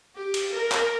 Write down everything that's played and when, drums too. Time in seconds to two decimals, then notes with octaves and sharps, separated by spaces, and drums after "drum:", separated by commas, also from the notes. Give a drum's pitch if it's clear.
0.15 G4
0.34 drum: cymbal
0.52 A#4
0.72 drum: clap